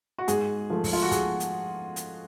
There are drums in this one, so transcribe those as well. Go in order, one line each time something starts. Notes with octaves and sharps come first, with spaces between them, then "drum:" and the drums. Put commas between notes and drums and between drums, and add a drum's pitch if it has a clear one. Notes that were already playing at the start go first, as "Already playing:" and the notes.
F#4
G#2 G#4, drum: hi-hat
F3 A3
drum: kick, open hi-hat
F4
F#4
G#4, drum: kick, hi-hat
drum: hi-hat
drum: hi-hat